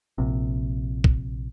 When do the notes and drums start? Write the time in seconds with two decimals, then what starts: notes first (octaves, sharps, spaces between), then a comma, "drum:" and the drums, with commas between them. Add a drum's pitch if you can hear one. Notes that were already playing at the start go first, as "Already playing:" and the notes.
0.18 A#1 C3
1.04 drum: kick A#1